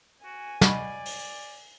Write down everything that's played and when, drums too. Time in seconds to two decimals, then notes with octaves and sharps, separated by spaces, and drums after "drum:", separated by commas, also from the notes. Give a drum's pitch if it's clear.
0.25 F#4 G#5
0.61 F#4 D5 D#5 B5, drum: snare
1.05 drum: open hi-hat